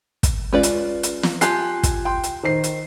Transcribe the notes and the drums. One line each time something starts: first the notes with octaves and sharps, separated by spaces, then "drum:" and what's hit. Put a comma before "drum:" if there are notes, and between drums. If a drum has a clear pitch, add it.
drum: kick, hi-hat
G#3 C#4 F4 B4 D5
drum: hi-hat
drum: hi-hat
drum: snare
F4 G4 G#5 A5 F#6 C7, drum: hi-hat
drum: kick, hi-hat
G5 C6
drum: hi-hat
D#3 C5 C7
drum: hi-hat